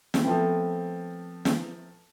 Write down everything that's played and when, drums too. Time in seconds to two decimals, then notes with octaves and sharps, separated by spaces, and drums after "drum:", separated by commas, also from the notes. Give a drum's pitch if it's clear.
0.14 drum: snare
0.23 F3 A3 B3 C4
1.45 drum: snare